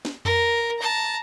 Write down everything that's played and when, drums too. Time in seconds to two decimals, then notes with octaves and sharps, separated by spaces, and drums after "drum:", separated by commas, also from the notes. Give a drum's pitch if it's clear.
0.05 drum: snare
0.25 A#4, drum: tom F2
0.78 A5 A#5